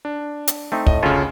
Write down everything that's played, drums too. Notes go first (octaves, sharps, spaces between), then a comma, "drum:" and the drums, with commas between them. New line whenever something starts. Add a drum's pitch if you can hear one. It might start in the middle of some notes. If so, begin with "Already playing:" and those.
D4
drum: hi-hat
A3 C4 D#4
A2 D#5, drum: kick
D2 C#3 C#4 F4 A4